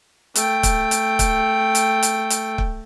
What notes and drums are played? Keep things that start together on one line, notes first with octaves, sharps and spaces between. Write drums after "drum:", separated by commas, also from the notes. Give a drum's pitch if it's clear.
A3 G5, drum: hi-hat
drum: kick, hi-hat
drum: hi-hat
drum: kick, hi-hat
drum: hi-hat
drum: hi-hat
drum: hi-hat
drum: kick